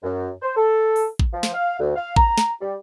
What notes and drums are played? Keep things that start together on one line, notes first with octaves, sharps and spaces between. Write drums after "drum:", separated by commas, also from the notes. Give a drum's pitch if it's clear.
F#2
C5
A4
drum: open hi-hat
drum: kick A1
F3
drum: snare
F5
D2
F5
A#5, drum: kick A1
drum: snare
G3